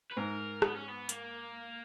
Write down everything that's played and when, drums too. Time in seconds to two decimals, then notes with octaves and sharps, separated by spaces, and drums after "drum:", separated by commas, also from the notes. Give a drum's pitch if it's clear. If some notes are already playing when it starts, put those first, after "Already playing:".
0.11 B4
0.17 G#2 A#4
0.62 B3, drum: rim click
0.76 C#4
0.88 B3
1.09 A#3, drum: hi-hat